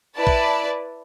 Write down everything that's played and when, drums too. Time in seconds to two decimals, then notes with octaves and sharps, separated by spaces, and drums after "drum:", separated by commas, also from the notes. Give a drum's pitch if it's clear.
0.16 E4 B4 D5 A5
0.27 drum: kick A#1